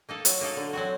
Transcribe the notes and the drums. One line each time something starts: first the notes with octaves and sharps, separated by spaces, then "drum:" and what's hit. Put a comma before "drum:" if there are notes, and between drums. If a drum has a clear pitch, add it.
A#3 D#4 A4
F#3, drum: hi-hat
A#3 D#4 A4
D3
F#3 C4 F#4